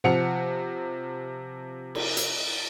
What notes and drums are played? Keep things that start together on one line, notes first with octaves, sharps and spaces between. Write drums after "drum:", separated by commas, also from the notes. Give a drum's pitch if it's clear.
C3 F3 C4 F#5 C#7 F7
drum: cymbal
drum: hi-hat